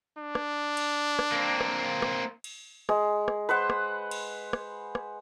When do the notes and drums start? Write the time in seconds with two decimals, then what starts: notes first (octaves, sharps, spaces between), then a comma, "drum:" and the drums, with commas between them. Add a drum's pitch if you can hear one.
0.18 D4
0.35 drum: rim click
0.77 drum: cymbal
1.19 drum: rim click
1.32 A#3 C4
1.61 drum: rim click
2.02 drum: rim click
2.44 drum: cymbal
2.89 G#3, drum: rim click
3.28 drum: rim click
3.49 B4 C5 F#5
3.70 drum: rim click
4.11 drum: cymbal
4.53 drum: rim click
4.95 drum: rim click